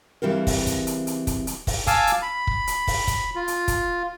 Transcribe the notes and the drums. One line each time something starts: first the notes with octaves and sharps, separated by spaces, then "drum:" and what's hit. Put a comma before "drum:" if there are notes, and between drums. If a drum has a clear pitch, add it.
C#3 E3 G3 C4 A#4
drum: kick, open hi-hat
drum: kick, hi-hat
drum: hi-hat
drum: hi-hat
drum: kick, hi-hat
drum: hi-hat
drum: kick, open hi-hat
F5 G#5 A5 D6 E6, drum: kick, hi-hat
drum: hi-hat
B5
drum: kick
drum: hi-hat
drum: kick, open hi-hat
drum: kick, hi-hat
F4
drum: hi-hat
drum: kick, hi-hat